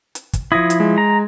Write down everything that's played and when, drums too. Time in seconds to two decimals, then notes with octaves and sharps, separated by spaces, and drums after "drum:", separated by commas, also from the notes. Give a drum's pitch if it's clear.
0.15 drum: hi-hat
0.33 drum: kick, hi-hat
0.52 F3 E4 D#6 G#6 A#6
0.70 drum: hi-hat
0.80 G#3
0.98 A#5